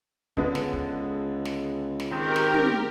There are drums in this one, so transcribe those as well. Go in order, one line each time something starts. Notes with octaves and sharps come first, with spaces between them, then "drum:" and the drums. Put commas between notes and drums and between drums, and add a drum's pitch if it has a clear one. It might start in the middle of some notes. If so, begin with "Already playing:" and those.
C#2 D3 G#3 B3, drum: kick
drum: snare
drum: kick
drum: snare
drum: snare
D#3 G#3 C4 G4 A#4
drum: snare
drum: tom